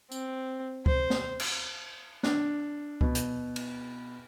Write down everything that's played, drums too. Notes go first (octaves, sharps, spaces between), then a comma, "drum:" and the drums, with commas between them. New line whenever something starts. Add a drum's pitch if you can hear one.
C4, drum: tambourine
C5, drum: kick C#2
drum: snare
drum: cymbal
D4, drum: snare
B2, drum: kick C#2
drum: hi-hat
drum: cymbal